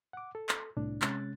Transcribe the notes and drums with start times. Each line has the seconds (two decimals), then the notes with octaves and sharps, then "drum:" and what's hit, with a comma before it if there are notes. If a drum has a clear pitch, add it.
0.13 F#5 D6
0.35 A4
0.49 drum: clap
0.77 C2 A2 D4
1.02 C3 G#3 C#4 F#6 A6, drum: clap